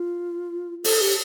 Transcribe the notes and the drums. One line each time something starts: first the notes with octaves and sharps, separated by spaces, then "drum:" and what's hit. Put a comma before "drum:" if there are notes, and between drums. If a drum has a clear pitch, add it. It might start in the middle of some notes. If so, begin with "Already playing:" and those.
Already playing: F4
A4, drum: open hi-hat
G4